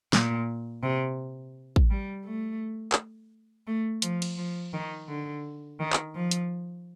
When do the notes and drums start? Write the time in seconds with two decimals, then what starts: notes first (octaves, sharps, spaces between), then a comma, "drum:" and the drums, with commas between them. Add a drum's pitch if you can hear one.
0.13 A#2, drum: snare
0.83 C3
1.76 drum: kick
1.90 G3
2.25 A3
2.92 drum: clap
3.67 A3
4.02 F3, drum: hi-hat
4.22 drum: cymbal
4.37 F3
4.73 D#3
5.08 D3
5.79 D#3
5.93 drum: clap
6.15 F3
6.31 drum: hi-hat